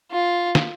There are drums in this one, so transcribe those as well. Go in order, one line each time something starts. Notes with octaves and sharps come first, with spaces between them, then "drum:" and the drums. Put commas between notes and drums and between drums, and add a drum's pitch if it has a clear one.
F4
drum: snare